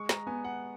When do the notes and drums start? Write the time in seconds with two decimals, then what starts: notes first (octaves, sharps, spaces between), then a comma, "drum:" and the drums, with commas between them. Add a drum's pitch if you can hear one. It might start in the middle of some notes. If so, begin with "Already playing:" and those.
Already playing: G#3 C#6
0.09 A#5, drum: snare
0.27 B3 G#5
0.44 F#5